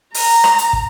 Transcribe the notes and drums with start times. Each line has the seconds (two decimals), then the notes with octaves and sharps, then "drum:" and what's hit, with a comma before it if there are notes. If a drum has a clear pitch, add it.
0.14 A#5, drum: open hi-hat
0.44 drum: rim click
0.58 drum: hi-hat
0.73 drum: kick